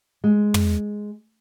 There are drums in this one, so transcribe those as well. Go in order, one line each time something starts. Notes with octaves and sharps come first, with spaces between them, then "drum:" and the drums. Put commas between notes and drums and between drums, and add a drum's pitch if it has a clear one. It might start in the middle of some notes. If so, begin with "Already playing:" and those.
G#3
drum: tom